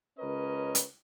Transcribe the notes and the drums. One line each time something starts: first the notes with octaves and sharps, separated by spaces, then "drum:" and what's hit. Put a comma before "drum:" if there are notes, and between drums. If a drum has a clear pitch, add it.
C#2 C#4 A#4 B4 C#5 D#5
drum: hi-hat